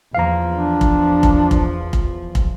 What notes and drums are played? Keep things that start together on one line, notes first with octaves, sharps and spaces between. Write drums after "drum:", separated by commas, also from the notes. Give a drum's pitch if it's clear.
E2 F3 F5 A#5
D4
drum: kick
drum: kick
drum: kick
drum: kick
drum: kick